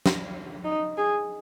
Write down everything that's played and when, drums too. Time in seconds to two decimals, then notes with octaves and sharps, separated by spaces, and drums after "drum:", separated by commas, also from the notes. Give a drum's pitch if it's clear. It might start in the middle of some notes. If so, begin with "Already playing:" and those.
0.06 drum: snare
0.64 D#4
0.98 G#4